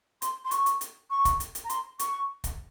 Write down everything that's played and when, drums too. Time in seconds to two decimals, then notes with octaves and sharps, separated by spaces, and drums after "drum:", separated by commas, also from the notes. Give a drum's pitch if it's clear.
0.22 C6, drum: hi-hat
0.45 C6
0.51 C#6, drum: hi-hat
0.66 drum: hi-hat
0.81 drum: hi-hat
1.10 C#6
1.25 drum: kick, hi-hat
1.40 drum: hi-hat
1.55 drum: hi-hat
1.64 A#5
1.70 C6, drum: hi-hat
1.99 C#6, drum: hi-hat
2.44 drum: kick, hi-hat